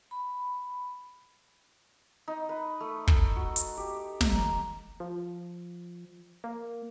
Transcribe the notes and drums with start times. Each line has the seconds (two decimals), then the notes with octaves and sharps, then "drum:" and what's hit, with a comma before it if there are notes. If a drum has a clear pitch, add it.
0.11 B5
2.28 D#4
2.49 B4
2.80 A3
3.07 A4, drum: kick
3.36 F#4
3.56 drum: hi-hat
3.77 G4
4.21 A#5, drum: snare
5.00 F3
6.44 A#3